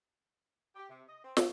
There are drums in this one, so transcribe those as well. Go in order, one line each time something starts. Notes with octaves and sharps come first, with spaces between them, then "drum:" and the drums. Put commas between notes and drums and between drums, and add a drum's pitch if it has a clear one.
G4
C3
D#5
C4
G2, drum: snare